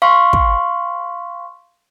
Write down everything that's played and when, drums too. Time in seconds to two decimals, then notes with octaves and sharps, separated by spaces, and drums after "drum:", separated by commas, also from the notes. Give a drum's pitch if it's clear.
0.02 F5 C6 C#6
0.33 drum: kick